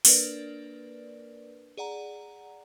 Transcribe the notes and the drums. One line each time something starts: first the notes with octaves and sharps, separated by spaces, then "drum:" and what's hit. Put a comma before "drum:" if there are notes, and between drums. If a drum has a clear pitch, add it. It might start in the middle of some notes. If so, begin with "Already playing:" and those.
A#3 D4 A#4 B4 D5, drum: open hi-hat
G#4 D5 F#5 A#5